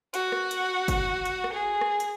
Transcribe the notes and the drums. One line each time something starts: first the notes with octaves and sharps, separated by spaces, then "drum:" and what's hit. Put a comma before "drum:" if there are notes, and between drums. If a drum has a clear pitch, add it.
F#4 F#5, drum: hi-hat
drum: rim click
drum: hi-hat
drum: kick, hi-hat
drum: hi-hat
drum: rim click
G#4
drum: rim click
drum: hi-hat